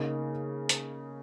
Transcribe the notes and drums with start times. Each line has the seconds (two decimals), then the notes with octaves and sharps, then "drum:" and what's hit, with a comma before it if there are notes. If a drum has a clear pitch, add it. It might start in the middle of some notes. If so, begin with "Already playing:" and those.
Already playing: C#3 A#3 D#4
0.69 drum: hi-hat